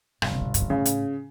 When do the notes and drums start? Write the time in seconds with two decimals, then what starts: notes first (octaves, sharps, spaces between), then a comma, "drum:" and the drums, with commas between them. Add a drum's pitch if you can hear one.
0.22 G1 B2, drum: rim click
0.32 C3
0.41 B2
0.54 G2, drum: hi-hat
0.62 G#2
0.69 A2 C#3
0.86 drum: hi-hat